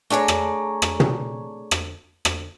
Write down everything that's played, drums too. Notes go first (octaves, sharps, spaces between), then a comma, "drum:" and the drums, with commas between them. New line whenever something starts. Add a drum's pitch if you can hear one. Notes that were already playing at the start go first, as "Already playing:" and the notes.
A3 D4 G#4 C#5 A#5
drum: rim click
drum: rim click
drum: tom
drum: rim click
drum: rim click